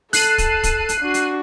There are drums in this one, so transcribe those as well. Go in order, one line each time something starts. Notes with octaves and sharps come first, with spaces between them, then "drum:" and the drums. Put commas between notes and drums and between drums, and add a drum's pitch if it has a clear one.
A4 A5 F#6 C7 D#7, drum: open hi-hat
drum: kick, hi-hat
drum: kick, hi-hat
drum: hi-hat
D4 F#4
drum: hi-hat